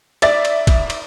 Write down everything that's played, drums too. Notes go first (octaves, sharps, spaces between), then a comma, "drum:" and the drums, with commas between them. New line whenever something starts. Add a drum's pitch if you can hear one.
D5 E5 A6, drum: cymbal
drum: cymbal
drum: kick, cymbal
drum: cymbal